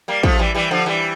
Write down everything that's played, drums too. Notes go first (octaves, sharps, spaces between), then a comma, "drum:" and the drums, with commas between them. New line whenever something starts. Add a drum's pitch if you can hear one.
G3 A#3
F3 A3, drum: kick
E3 G3
E3 G3
D3 F3
E3 G3